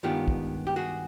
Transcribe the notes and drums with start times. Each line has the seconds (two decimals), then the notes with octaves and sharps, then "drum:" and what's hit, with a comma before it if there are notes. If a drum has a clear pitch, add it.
0.03 G2 D#3 G#3 B3 F4 G4
0.28 drum: kick
0.67 G4
0.76 F#4 G#4